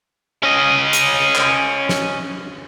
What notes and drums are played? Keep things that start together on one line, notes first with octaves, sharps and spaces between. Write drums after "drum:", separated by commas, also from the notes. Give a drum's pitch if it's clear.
C#4 D#5
drum: hi-hat
drum: clap
drum: snare